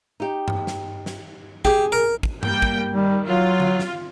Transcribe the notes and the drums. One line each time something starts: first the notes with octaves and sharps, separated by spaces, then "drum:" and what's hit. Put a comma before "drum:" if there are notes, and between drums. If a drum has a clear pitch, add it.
D#4 G4
drum: tom G2
drum: snare
drum: snare
G4 G#4, drum: kick
A#4
drum: kick
G3 A#3 G5, drum: tom G2
drum: kick
D#3 G3
F#3 F4
drum: tom D3
drum: snare